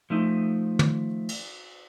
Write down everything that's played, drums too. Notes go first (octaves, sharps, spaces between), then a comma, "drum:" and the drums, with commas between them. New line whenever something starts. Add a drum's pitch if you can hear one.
F3 A3 D#4
drum: tom
drum: cymbal